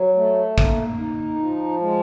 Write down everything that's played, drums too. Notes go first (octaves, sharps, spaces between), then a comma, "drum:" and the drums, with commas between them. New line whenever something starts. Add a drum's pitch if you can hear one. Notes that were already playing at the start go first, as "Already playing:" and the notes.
Already playing: F#3
A3
A#3, drum: kick
D#4
F3
G#3